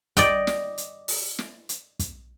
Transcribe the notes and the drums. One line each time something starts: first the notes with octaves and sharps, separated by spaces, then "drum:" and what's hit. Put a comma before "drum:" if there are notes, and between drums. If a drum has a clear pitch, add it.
D5 D#5 G5, drum: kick, hi-hat
drum: snare
drum: hi-hat
drum: open hi-hat
drum: snare
drum: hi-hat
drum: kick, hi-hat